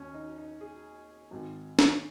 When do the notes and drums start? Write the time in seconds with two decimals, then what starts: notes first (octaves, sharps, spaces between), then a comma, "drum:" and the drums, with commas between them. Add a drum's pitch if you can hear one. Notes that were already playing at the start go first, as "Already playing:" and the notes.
Already playing: D#2 C#4
0.14 D#4
0.38 D#4
0.61 G#4
1.31 G#1 G#2 D#3
1.79 C#5, drum: snare